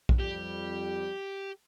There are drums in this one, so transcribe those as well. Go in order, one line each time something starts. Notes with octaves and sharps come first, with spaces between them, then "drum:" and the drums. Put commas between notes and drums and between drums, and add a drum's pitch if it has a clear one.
drum: kick A#1
F2 G3 G4